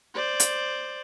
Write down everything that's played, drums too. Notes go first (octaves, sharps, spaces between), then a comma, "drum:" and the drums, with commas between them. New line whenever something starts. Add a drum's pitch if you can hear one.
C5 D5
drum: hi-hat